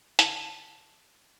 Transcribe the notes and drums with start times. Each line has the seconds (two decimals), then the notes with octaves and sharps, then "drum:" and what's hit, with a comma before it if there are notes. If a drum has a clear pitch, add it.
0.19 A5, drum: hi-hat